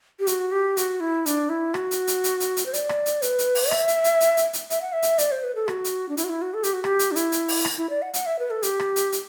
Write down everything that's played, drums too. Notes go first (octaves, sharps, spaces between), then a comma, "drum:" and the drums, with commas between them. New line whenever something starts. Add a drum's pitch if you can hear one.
G4
F#4, drum: hi-hat
G4
F#4, drum: hi-hat
E4
D4, drum: hi-hat
E4
F#4, drum: rim click
drum: hi-hat
drum: hi-hat
drum: hi-hat
drum: hi-hat
drum: hi-hat
C5
D5, drum: hi-hat
drum: rim click
drum: hi-hat
B4, drum: hi-hat
drum: hi-hat
drum: open hi-hat
E5, drum: rim click
drum: hi-hat
drum: hi-hat
drum: hi-hat
drum: hi-hat
drum: hi-hat
E5, drum: hi-hat
F#5
E5
drum: hi-hat
D5, drum: hi-hat
C5
B4
A4
F#4, drum: rim click
drum: hi-hat
D4
E4, drum: hi-hat
F#4
E4
F#4
A4
G4, drum: hi-hat
F#4
G4, drum: rim click
drum: hi-hat
D4
E4, drum: hi-hat
drum: hi-hat
drum: open hi-hat
drum: rim click
E4
D5
F#5
F#5, drum: hi-hat
E5
B4
A4
G4, drum: hi-hat
drum: rim click
drum: hi-hat
drum: hi-hat